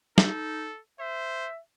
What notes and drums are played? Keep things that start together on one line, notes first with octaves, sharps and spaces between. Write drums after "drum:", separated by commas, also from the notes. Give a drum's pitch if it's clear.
D#4 A4, drum: snare
C5 E5